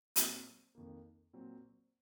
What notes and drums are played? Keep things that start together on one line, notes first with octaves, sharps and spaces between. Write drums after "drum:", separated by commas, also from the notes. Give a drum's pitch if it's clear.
A#2 F#3 C4, drum: hi-hat
F2 D#3 A#3
A#2 F#3 C4